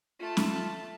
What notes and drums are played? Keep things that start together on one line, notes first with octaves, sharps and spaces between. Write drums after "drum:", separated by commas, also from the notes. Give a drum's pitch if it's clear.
A3 F4 A5
drum: snare C#4